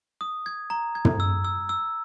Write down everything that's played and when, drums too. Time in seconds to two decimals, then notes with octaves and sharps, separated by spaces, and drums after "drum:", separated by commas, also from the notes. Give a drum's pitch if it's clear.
0.21 D#6
0.46 G#6
0.70 A#5
0.95 G#6
1.05 drum: tom
1.20 E6
1.45 E6
1.69 E6